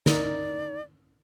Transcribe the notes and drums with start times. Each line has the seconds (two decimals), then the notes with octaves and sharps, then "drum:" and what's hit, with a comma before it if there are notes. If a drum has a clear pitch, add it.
0.06 D#4 A#4 D5, drum: snare